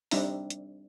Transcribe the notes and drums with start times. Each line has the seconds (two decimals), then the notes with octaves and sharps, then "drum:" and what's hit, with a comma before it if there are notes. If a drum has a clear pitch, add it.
0.11 G3 C4 D4 D#4 E5 A#5, drum: open hi-hat
0.50 drum: hi-hat